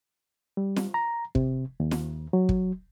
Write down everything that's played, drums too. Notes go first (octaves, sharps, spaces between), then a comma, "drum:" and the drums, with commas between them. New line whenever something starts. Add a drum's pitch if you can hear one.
G3
drum: snare
A#5
C3, drum: kick
D#2
drum: snare
F#3
drum: kick